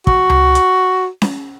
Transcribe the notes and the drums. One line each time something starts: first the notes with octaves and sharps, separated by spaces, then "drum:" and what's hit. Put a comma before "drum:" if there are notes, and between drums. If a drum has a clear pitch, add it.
F#4, drum: kick
drum: tom C#2
drum: hi-hat
drum: snare C#4